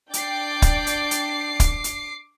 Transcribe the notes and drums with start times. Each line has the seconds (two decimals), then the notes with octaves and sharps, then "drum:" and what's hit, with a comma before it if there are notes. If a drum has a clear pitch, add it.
0.13 D4 D5 G5 D6 C7, drum: hi-hat
0.62 drum: kick, hi-hat
0.87 drum: hi-hat
1.11 drum: hi-hat
1.60 drum: kick, hi-hat
1.84 drum: hi-hat